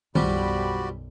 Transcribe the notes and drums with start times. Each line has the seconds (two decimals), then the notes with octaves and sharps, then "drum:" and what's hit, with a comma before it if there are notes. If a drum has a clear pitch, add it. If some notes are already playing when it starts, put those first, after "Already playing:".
0.15 B1 F#2 F3 G3 F#4 G4 D5 B5, drum: tom D#3